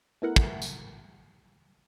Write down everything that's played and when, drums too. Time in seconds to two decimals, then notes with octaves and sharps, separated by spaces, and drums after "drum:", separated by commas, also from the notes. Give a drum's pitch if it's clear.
0.22 A3 B3 E4 A#4 F#5
0.36 drum: kick
0.62 drum: tambourine